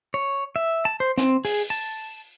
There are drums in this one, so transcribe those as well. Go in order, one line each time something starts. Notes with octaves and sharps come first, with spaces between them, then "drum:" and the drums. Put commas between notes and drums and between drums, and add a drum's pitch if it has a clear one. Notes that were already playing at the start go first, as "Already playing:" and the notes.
C#5
E5
A5
C5
C4, drum: snare
G#4, drum: open hi-hat
A5